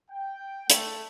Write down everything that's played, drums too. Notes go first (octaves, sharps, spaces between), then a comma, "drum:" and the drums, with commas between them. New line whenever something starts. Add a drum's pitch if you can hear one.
G5
A3, drum: hi-hat